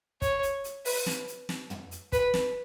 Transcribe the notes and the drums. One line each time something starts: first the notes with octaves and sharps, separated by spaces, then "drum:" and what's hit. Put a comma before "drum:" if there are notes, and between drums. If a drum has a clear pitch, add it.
C#5, drum: kick, hi-hat
drum: hi-hat
drum: hi-hat
B4, drum: open hi-hat
drum: snare
drum: hi-hat
drum: snare
drum: tom
drum: hi-hat
B4, drum: kick, hi-hat
drum: snare